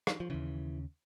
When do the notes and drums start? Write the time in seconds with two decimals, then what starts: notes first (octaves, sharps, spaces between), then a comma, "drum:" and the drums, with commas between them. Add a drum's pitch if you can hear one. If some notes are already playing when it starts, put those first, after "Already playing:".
0.07 drum: rim click
0.20 F3
0.30 D#2 C#3 E3